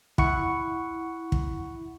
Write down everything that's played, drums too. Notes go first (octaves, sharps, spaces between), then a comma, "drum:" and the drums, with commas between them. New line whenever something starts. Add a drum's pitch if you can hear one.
E4 F#5 C#6 C#7, drum: kick
drum: kick